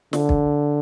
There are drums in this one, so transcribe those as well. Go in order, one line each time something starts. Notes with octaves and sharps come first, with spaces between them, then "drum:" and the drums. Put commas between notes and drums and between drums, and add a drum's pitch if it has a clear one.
D3, drum: snare
drum: kick